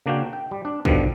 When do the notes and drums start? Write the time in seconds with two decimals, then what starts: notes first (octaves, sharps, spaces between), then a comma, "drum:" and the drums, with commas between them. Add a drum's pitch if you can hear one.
0.06 C#3 A#3 D4 F#4 F5 G5
0.33 G5
0.51 G3
0.65 D4
0.85 G2 B2 D3 D#3 F3 G3, drum: kick